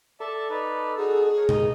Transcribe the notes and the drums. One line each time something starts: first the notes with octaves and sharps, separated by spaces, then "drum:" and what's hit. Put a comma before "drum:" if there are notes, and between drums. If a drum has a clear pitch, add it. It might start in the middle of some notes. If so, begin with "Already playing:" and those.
A4 D5 E5 A5
D#4 B4 D5
D#4 F#4 G#4
A#4 C#5
D#4 D#5, drum: tom B2